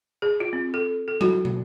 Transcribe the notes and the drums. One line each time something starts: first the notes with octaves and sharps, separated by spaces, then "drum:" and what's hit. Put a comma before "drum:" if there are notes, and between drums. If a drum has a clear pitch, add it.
G#4
F4
C4
A4
A4
F#4, drum: tom F#3
drum: tom